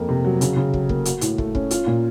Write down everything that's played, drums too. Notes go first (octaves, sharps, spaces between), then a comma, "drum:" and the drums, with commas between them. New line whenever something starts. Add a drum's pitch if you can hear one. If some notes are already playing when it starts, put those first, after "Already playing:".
Already playing: F2 A#3
C3
F#3
C#3, drum: hi-hat
C#3
F#3, drum: kick
A#3, drum: kick
F#4, drum: hi-hat
A2, drum: hi-hat
A3, drum: kick
C#4, drum: kick
F4, drum: hi-hat
A#2